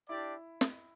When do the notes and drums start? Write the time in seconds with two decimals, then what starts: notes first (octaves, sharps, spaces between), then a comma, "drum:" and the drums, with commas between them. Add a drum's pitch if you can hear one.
0.09 D4 E4 G4 D5
0.61 drum: snare